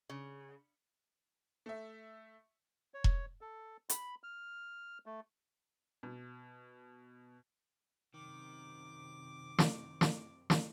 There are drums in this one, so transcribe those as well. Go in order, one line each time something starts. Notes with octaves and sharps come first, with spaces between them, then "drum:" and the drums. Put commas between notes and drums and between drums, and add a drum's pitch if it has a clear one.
C#3
A3 E5
C#5
drum: kick E1
A4
B5, drum: hi-hat
F6
A3
B2
F#2 C3 D#3 C4 D6
drum: snare
drum: snare
drum: snare